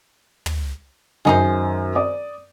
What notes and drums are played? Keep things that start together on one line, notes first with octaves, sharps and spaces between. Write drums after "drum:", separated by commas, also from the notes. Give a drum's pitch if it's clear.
drum: tom
F#2 D#3 G#3 D#4 C5
D5 D6 D#6